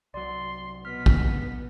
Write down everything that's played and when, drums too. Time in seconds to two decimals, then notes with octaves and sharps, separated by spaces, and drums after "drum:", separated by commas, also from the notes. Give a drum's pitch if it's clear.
0.14 C2 F#3 D5 C6
0.85 B2 B3 F6 B6
1.06 drum: kick